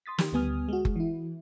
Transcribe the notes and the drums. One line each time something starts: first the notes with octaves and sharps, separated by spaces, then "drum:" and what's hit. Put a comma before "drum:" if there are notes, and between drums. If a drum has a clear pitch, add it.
C6 D#6 A6 B6
D#3 G4, drum: snare
D2 G3 B3 G#5 D#6 F6
G#3 F#4
drum: kick F#1
E3 E4